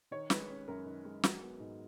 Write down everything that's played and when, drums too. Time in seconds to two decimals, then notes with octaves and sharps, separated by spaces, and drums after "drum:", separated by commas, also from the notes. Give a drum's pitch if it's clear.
0.11 D#3 C#5
0.30 G#3 B4, drum: snare
0.49 C#4
0.68 F#2 A#4
0.86 D#3
1.05 G#3
1.24 F#3, drum: snare
1.42 B3
1.60 G#2